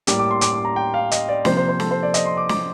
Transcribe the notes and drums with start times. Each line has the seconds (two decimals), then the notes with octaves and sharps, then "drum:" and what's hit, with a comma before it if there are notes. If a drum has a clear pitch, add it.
0.07 A2 G3 A#3 D6, drum: hi-hat
0.19 D6
0.31 C6
0.41 D6, drum: hi-hat
0.54 D6
0.65 A#5
0.76 G5
0.94 F5
1.11 D#5, drum: hi-hat
1.29 D5
1.45 C3 F3 A#3 C5, drum: snare
1.57 C5
1.68 C5
1.80 A4, drum: snare
1.91 C5
2.03 D5
2.14 D#5, drum: hi-hat
2.25 C6
2.37 D6
2.49 D6, drum: snare